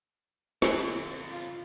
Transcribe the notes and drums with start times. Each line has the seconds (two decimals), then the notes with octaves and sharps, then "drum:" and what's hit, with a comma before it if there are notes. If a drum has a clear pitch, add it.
0.62 F2 D3, drum: snare
1.33 F4